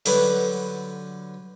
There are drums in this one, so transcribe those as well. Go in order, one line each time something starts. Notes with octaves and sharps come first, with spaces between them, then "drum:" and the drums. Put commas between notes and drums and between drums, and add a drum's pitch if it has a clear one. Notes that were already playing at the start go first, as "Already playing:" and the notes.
D3 F#3 G4 B4 B5, drum: open hi-hat